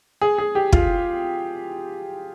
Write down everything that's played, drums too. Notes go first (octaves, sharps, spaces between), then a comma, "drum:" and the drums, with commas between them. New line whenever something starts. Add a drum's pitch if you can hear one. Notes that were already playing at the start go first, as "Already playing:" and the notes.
G#4
G#4
G4
F4, drum: kick